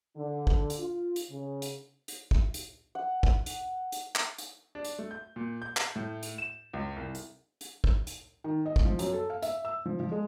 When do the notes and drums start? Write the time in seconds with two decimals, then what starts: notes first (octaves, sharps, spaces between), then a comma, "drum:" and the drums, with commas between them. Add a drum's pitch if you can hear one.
0.17 D3
0.47 drum: kick
0.70 drum: hi-hat
0.79 F4
1.16 drum: hi-hat
1.30 C#3
1.62 drum: hi-hat
2.08 drum: hi-hat
2.31 drum: kick
2.54 drum: hi-hat
2.95 F#5
3.23 drum: kick
3.46 drum: hi-hat
3.92 drum: hi-hat
4.15 drum: clap
4.38 drum: hi-hat
4.75 D4
4.84 drum: hi-hat
4.99 A3
5.11 G6
5.36 A#2
5.62 G6
5.77 drum: clap
5.96 A2
6.23 drum: hi-hat
6.38 E7
6.73 C#2
6.96 C2
7.15 drum: hi-hat
7.61 drum: hi-hat
7.84 drum: kick
8.07 drum: hi-hat
8.44 D#3
8.66 D#5
8.76 drum: kick
8.85 F3
8.99 F#2, drum: hi-hat
9.13 A4
9.30 F5
9.42 E5, drum: hi-hat
9.65 E6
9.86 F3
10.00 F3
10.11 G#3